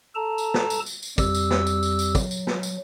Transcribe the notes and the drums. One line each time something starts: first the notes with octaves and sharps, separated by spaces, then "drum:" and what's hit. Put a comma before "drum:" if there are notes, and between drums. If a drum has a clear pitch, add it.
A4 A5 A#5
drum: tambourine
drum: snare
drum: tambourine
drum: tambourine
drum: tambourine
F2 G3 G4 E6, drum: kick, tambourine
drum: tambourine
drum: snare
drum: tambourine
drum: tambourine
drum: tambourine
F#3, drum: kick, tambourine
drum: tambourine
drum: snare
drum: tambourine